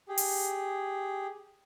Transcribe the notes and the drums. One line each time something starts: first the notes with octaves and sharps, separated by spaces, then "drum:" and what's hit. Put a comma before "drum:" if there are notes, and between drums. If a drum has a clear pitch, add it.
G4 G#4
drum: open hi-hat